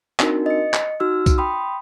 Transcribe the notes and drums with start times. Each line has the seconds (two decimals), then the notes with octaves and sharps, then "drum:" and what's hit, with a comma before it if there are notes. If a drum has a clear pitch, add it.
0.20 C4 D4 D#4 F#4 A#4, drum: clap
0.46 D#5 C#7
0.74 drum: clap
1.00 D#4 F#4 E6 F6
1.26 drum: kick B1, tambourine
1.38 G5 B5 C6 D#6